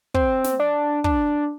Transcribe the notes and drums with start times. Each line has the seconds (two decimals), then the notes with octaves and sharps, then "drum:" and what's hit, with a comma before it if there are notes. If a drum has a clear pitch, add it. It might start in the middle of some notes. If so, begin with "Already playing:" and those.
0.14 C4, drum: kick
0.44 drum: snare
0.60 D4
1.04 D4, drum: kick